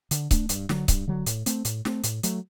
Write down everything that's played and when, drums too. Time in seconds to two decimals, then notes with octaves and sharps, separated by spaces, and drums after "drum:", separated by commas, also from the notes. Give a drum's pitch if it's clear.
0.11 D3, drum: hi-hat
0.31 A3 D4, drum: kick C#1, hi-hat
0.49 G2, drum: hi-hat
0.69 D3 F#3, drum: snare
0.88 G2, drum: kick C#1, hi-hat
1.08 D3 F#3
1.26 A2, drum: hi-hat
1.46 A3 C4, drum: hi-hat
1.65 A2, drum: hi-hat
1.85 A3 C4, drum: snare
2.04 A2, drum: hi-hat
2.23 F#3 A3, drum: hi-hat